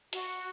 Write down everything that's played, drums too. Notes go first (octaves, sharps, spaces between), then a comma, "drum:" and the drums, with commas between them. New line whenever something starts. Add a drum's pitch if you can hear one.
F#4, drum: hi-hat